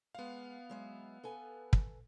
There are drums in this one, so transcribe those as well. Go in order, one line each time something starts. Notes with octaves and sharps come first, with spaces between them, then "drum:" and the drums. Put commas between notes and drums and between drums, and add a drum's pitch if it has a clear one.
G#3 B3 F5 F#5
F#3 G#3 E5
A4 B4 G#5
drum: kick